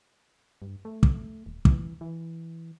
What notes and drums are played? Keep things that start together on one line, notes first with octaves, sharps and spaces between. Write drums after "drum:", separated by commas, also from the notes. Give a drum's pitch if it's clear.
G2
A3
drum: kick
D#1
E3, drum: kick
E3